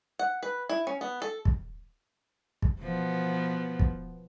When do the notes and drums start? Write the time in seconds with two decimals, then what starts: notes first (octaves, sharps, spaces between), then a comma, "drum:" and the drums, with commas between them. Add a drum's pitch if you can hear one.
0.19 F#5
0.43 B4
0.69 E4
0.87 C#4
1.01 B3
1.22 A4
1.45 drum: kick
2.62 drum: kick
2.81 B2 F3 B3
3.79 drum: kick